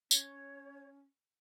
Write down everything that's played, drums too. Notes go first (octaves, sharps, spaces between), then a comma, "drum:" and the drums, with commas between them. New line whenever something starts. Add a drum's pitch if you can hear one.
C#4 C#5 G7, drum: tambourine